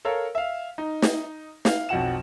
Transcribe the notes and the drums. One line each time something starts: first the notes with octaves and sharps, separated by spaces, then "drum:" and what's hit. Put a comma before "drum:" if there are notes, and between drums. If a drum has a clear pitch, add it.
A4 A#4 C#5 F5
E5 F5
D#4
drum: snare
F5, drum: snare
B1 F2 F#4 F#5 E7